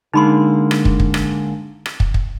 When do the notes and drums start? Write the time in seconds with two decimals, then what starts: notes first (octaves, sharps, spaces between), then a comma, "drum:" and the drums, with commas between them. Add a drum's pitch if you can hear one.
0.14 D3 G#3 A#3 D#4 B5 C6
0.71 drum: rim click
0.85 drum: kick
1.00 drum: kick
1.14 drum: rim click
1.86 drum: rim click
2.00 drum: kick
2.14 drum: kick